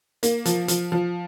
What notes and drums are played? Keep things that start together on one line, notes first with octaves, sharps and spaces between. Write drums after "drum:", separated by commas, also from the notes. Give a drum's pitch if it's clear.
A#3, drum: hi-hat
F3, drum: hi-hat
F3, drum: hi-hat
F3